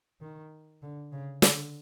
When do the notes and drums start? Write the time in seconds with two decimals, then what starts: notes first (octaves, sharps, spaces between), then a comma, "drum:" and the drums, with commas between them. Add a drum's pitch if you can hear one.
0.21 D#3
0.82 D3
1.12 C#3
1.42 D3, drum: snare